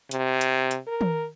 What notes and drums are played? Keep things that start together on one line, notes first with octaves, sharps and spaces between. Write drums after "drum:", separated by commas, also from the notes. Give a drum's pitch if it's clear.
C3, drum: hi-hat
drum: hi-hat
drum: hi-hat
A#4
drum: tom